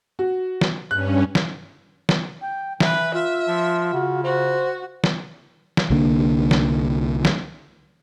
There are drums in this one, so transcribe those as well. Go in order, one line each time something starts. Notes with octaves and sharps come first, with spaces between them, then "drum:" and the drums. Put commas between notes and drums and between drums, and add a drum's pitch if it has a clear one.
F#4
drum: snare
G2 C#4 F#6
drum: snare
drum: snare
G5
E3 B4 E5, drum: snare
F4 E5
F3
C#3 F#4
F#4 C5
drum: snare
drum: snare
C2 D3 A#3 D4
drum: snare
drum: snare